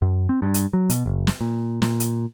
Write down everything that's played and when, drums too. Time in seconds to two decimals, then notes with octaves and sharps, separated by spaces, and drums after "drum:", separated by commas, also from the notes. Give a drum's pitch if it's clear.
0.02 F#2
0.29 C4
0.42 G2
0.54 drum: hi-hat
0.73 F#3
0.90 B2, drum: hi-hat
1.06 F#1
1.27 drum: snare
1.41 A#2
1.82 A#2, drum: snare
2.00 drum: hi-hat